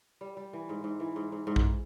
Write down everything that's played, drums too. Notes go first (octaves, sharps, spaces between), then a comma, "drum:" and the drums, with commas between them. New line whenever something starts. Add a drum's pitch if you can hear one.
G3
G3
E3
G#2
G#2
E3
G#2
G#2
G#2
drum: kick A#1